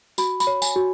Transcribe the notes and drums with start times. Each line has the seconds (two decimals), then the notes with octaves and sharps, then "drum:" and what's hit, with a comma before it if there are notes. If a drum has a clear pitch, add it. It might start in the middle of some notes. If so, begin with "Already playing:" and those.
0.18 F#4 B5, drum: tambourine
0.40 B5, drum: tambourine
0.47 C#5
0.62 G#5, drum: tambourine
0.76 F#4